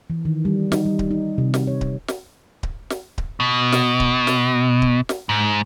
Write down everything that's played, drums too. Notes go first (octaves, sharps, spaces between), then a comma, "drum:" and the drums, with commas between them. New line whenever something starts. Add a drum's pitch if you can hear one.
E3
D#3
G3
D#4, drum: snare
G3
drum: kick D1
D#4
C3
drum: snare
C#5
drum: kick D1
drum: snare
drum: kick D1
drum: snare
drum: kick D1
B2
drum: snare
drum: kick D1
drum: snare
drum: kick D1
drum: snare
G#2